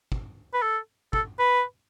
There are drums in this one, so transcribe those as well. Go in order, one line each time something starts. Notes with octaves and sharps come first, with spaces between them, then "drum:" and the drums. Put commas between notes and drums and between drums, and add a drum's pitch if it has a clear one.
drum: kick
B4
A4
A4, drum: kick
B4